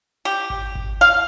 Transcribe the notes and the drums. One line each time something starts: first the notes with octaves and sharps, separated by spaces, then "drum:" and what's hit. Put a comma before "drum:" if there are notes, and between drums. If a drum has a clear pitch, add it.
G4
drum: kick G#1
drum: kick G#1
F5